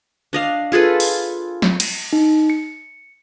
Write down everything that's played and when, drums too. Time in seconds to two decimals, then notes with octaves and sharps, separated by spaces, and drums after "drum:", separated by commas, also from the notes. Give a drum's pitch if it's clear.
0.33 D4 D#5 F5
0.72 F4 G#4 A4 B4
1.00 drum: open hi-hat
1.62 drum: snare
1.80 drum: cymbal
2.13 D#4
2.50 C#7